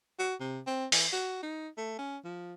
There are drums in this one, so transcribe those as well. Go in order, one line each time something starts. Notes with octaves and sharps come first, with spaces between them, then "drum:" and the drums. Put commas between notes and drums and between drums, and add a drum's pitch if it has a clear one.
F#4
C3
C4
E3, drum: open hi-hat
F#4
D#4
A3
C#4
F3